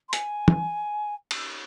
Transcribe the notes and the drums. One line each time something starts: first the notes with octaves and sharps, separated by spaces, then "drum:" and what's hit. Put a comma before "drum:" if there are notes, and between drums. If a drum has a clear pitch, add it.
C6
G#5, drum: hi-hat
drum: tom
drum: cymbal